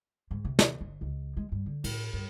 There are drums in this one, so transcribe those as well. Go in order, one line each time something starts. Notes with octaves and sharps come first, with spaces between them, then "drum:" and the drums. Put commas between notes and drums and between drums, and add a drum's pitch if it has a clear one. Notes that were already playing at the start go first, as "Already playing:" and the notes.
G#2
C3
drum: snare
G1
C#2
G#3
G2
D3
A2, drum: cymbal
G2